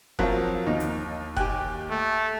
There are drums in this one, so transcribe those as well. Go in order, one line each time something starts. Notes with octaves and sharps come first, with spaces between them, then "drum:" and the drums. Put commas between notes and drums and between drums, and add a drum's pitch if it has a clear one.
F3 F#3 C4 F4 A#4 C5 F#6, drum: kick F1
D#2 D#4
drum: hi-hat
G4 G5 G#5 F#6, drum: kick F1
A3